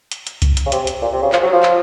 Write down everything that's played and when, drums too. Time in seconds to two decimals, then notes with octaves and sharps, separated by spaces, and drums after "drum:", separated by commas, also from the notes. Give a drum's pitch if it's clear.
0.12 drum: hi-hat
0.27 drum: hi-hat
0.42 drum: kick C#2, hi-hat
0.57 drum: hi-hat
0.66 C#3
0.72 C3, drum: hi-hat
0.87 drum: hi-hat
1.02 A#2
1.12 C3
1.22 C#3
1.32 F3, drum: clap
1.43 F#3
1.53 F3
1.63 drum: clap